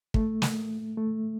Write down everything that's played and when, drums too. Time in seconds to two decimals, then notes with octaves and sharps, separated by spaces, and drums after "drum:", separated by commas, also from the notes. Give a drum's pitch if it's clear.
0.14 A3, drum: kick
0.42 drum: snare
0.97 A3